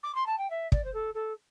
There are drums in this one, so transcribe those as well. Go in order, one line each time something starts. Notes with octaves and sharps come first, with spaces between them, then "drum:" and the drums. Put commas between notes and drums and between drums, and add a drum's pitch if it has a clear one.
D6
C6
A5
G5
E5
D5, drum: kick
C5
A4
A4